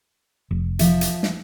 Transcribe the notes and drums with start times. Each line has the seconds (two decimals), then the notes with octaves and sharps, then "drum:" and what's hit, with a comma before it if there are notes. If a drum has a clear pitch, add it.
0.51 F1
0.79 F3 E5, drum: hi-hat
1.01 drum: hi-hat
1.23 drum: snare